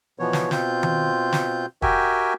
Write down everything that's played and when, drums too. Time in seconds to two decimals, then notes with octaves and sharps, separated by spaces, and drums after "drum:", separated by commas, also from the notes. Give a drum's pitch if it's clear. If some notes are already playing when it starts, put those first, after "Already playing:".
0.19 B2 E3 F3 B3 C#5
0.33 drum: snare
0.51 B2 C4 F4 G6, drum: snare
0.83 drum: tom D#3
1.33 drum: snare
1.82 F#4 G4 A#4 E5 G5 G#5, drum: kick